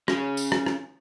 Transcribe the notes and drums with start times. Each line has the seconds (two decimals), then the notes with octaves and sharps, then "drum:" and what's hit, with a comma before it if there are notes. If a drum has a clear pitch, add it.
0.08 C#4 G#4, drum: rim click
0.37 drum: tambourine
0.52 drum: rim click
0.66 drum: rim click